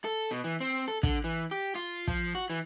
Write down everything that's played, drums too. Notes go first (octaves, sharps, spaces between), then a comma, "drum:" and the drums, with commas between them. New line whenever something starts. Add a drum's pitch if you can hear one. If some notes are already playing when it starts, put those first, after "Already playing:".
A4
B2
E3
C4
A4
D3, drum: kick
E3
G4
F4
F3, drum: kick
F#4
E3